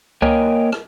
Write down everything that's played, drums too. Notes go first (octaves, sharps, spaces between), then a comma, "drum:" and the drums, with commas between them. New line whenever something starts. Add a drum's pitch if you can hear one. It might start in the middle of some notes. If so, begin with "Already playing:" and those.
A#3 A#4 C#5 D#5 G5 G#5, drum: kick C#2
drum: rim click